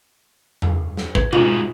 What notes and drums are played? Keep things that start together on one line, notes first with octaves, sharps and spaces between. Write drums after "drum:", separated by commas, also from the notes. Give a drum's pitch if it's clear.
drum: tom E2
drum: snare
B4, drum: kick
G#3 D#4 F4 F#4, drum: tom B2